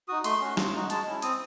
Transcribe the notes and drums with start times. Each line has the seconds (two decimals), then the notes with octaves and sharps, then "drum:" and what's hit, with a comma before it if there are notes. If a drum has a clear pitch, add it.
0.08 D#4 F#4 D#6
0.24 A3 C6, drum: hi-hat
0.41 C#4 F#4
0.57 C4, drum: snare
0.74 D#4 F#4
0.90 G#3 A5, drum: hi-hat
1.07 C#4 E4
1.22 C4 D#6, drum: hi-hat